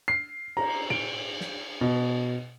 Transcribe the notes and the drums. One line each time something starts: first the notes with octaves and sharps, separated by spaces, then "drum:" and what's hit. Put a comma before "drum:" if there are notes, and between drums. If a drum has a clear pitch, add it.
C7
A#5, drum: cymbal
D7, drum: tom
drum: snare
B2